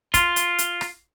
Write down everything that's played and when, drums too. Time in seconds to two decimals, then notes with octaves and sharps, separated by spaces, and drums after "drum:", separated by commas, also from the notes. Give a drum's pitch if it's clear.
0.14 F4, drum: kick, hi-hat
0.36 drum: hi-hat
0.59 drum: hi-hat
0.81 drum: rim click